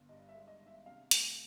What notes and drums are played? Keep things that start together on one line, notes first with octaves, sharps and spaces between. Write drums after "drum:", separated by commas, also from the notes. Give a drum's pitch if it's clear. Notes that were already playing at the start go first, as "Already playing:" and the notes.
Already playing: G1
G2 D#5
E5
G#3
D#5
G#1
E5
C3 F5
A3, drum: hi-hat